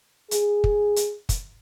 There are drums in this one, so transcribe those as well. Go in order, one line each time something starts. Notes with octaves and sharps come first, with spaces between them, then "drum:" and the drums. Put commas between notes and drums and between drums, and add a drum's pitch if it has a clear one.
G#4, drum: hi-hat
drum: kick
drum: hi-hat
drum: kick, hi-hat